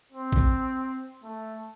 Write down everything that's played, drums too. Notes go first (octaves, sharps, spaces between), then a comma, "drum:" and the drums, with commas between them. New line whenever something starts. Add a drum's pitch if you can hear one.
C4
drum: kick A#1
A3